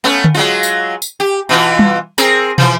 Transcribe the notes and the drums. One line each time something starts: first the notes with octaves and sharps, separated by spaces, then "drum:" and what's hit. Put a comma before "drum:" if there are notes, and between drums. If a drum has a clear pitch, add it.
A3 B3 C#4
drum: tom D3
F#3 G#3 F4
drum: tambourine
drum: tambourine
G4
B2 E3 F4
drum: tom G3
C4 G#4 A#4, drum: tambourine
E3 F3, drum: tom